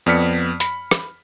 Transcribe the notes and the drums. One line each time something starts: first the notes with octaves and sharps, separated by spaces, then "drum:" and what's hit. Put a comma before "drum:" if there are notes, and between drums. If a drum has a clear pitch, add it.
F2 B3 D5 F6 B6 C#7
B5, drum: hi-hat
drum: rim click